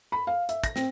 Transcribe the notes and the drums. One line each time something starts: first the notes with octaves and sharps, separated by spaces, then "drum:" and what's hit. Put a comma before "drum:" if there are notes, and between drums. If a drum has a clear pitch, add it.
B5
F5
E5, drum: hi-hat
A#6, drum: kick, hi-hat
C4, drum: snare